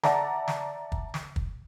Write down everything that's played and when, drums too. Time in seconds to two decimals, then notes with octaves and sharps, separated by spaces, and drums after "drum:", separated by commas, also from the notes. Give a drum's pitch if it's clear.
0.03 D5 E5 F#5 A5 A#5, drum: snare
0.48 drum: snare
0.92 drum: kick
1.14 drum: snare
1.36 drum: kick